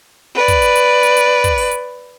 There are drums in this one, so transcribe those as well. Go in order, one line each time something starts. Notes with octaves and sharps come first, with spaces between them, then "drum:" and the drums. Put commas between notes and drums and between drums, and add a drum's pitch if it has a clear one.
B4 D5
drum: kick, hi-hat
drum: hi-hat
drum: hi-hat
drum: hi-hat
drum: hi-hat
drum: kick, hi-hat
drum: open hi-hat
drum: hi-hat